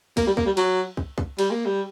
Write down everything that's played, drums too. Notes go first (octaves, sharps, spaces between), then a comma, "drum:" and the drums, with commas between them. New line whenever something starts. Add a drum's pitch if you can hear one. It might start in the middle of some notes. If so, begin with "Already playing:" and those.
A#3, drum: kick, cymbal
G3
A#3, drum: kick
G3
F#3, drum: cymbal
drum: kick
drum: kick
G3, drum: cymbal
A#3
G3